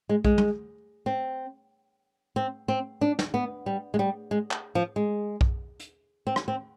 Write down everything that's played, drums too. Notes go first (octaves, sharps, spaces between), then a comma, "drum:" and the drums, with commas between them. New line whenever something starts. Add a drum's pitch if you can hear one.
G#3
G#3, drum: kick B1
drum: tom
C4
C4
C4
D4
drum: snare
B3
G3
G#3
G3
G#3
drum: clap
F3
G#3
drum: kick B1
drum: hi-hat
C4
drum: rim click
C4